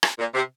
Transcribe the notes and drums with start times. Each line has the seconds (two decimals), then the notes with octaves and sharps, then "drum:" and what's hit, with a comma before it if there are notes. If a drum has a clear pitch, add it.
0.03 drum: rim click
0.19 A#2
0.34 C3